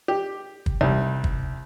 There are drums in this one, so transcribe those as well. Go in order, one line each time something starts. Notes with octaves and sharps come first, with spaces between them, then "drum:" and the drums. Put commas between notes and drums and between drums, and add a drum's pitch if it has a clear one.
G4
drum: kick
C2 G3
drum: kick